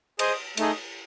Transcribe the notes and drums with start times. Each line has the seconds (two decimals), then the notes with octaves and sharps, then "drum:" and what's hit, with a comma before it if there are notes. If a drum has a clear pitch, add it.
0.19 G#4 C5 D#5 G#5, drum: cymbal
0.57 A3 D#4 G#4 D#5, drum: cymbal